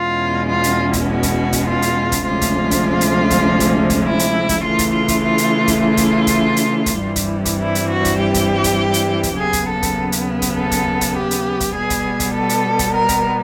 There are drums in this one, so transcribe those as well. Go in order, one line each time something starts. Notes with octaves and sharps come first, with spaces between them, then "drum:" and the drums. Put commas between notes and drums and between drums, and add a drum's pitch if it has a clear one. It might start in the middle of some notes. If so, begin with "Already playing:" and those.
Already playing: E2 B2 G#3 C#4 F4
F4
drum: hi-hat
drum: kick, hi-hat
F#4
drum: kick, hi-hat
drum: kick, hi-hat
F4
drum: hi-hat
drum: kick, hi-hat
D2 C3 F3 G#3 C#4 F4
drum: kick, hi-hat
drum: kick, hi-hat
drum: hi-hat
drum: kick, hi-hat
drum: kick, hi-hat
drum: kick, hi-hat
E4
drum: hi-hat
drum: kick, hi-hat
C#3 E3 A3 F4
drum: kick, hi-hat
F4
drum: kick, hi-hat
F4
drum: hi-hat
drum: kick, hi-hat
F4
drum: kick, hi-hat
drum: kick, hi-hat
drum: hi-hat
drum: kick, hi-hat
G2 E3 G3 C4
drum: kick, hi-hat
drum: kick, hi-hat
E4
drum: hi-hat
F#4
drum: kick, hi-hat
G4
drum: kick, hi-hat
drum: kick, hi-hat
drum: hi-hat
drum: kick, hi-hat
D#2 C#3 F#3 B3 G#4
drum: kick, hi-hat
A4
drum: kick, hi-hat
drum: hi-hat
drum: kick, hi-hat
A4
drum: kick, hi-hat
drum: kick, hi-hat
G4
drum: hi-hat
drum: kick, hi-hat
B2 G3 B3 G#4
drum: kick, hi-hat
drum: kick, hi-hat
A4
drum: hi-hat
drum: kick, hi-hat
A#4
drum: kick, hi-hat